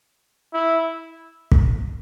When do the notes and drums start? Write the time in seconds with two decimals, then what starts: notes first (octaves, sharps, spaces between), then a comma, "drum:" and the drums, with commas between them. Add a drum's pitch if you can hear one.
0.53 E4
1.52 drum: kick